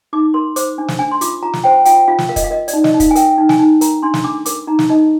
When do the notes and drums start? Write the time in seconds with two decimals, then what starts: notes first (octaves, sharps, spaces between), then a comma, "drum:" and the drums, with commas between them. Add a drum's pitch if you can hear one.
0.13 D#4 D6
0.34 A#4 C6
0.56 C5 D6, drum: hi-hat
0.78 D4
0.88 drum: snare
0.99 D4 G#5
1.12 C6
1.21 F4 D6, drum: hi-hat
1.43 F4 A#5
1.53 drum: snare
1.64 C5 G5
1.85 F4 G5, drum: hi-hat
2.08 F4 F5
2.19 drum: snare
2.29 A#4 F5
2.36 D#5, drum: kick, hi-hat
2.44 F5
2.51 A#4 D#5
2.68 D5, drum: hi-hat
2.73 D#4
2.84 D#5, drum: snare
2.94 D#4
3.00 F5, drum: kick, hi-hat
3.11 G#5
3.15 A#4 G5, drum: hi-hat
3.38 D#4
3.49 G#5, drum: snare
3.59 D#4
3.81 A#4 A#5, drum: hi-hat
4.03 D4 C6
4.14 drum: snare
4.24 D4 D6
4.46 A#4 D6, drum: hi-hat
4.67 D#4 A#5
4.79 drum: snare
4.89 D#4 D#5